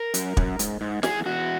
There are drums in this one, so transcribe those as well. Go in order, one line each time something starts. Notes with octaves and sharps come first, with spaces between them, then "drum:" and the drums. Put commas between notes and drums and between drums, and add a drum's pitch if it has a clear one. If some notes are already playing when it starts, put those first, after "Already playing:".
Already playing: A#4
F#2, drum: hi-hat
F#2, drum: kick
G#2, drum: hi-hat
G#2
E2 G#4, drum: snare
E2 F#4